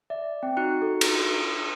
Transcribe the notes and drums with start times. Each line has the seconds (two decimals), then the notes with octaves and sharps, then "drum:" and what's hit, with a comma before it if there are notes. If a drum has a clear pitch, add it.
0.10 D5 E5
0.43 C4 G5
0.57 D#4 F#4 F#6 C#7
0.82 A4
1.01 drum: cymbal